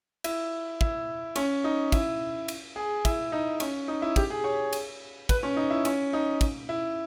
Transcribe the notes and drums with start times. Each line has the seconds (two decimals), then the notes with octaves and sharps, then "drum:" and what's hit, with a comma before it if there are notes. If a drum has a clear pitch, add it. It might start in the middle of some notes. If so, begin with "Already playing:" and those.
0.24 E4, drum: cymbal
0.81 E4, drum: kick
1.36 C#4, drum: cymbal
1.64 D#4
1.92 E4, drum: kick, cymbal
2.48 drum: cymbal
2.76 G#4
3.05 E4, drum: kick, cymbal
3.32 D#4
3.60 C#4, drum: cymbal
3.88 D#4
4.02 E4
4.16 G4, drum: kick, cymbal
4.30 G#4
4.44 C#5
4.73 drum: cymbal
5.29 B4, drum: kick, cymbal
5.43 C#4
5.56 D#4
5.70 E4
5.85 C#4, drum: cymbal
6.13 D#4
6.41 drum: kick, cymbal
6.69 E4